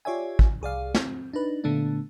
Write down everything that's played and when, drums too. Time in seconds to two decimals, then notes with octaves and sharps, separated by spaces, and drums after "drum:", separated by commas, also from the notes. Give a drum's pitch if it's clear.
0.05 F4 G4 C#5 D5 E5 G#5
0.39 drum: kick
0.61 C2 G#4 D5 F5
0.94 C4, drum: snare
1.33 D4 D#4 B4
1.64 A#2 D3 A3 B3 D4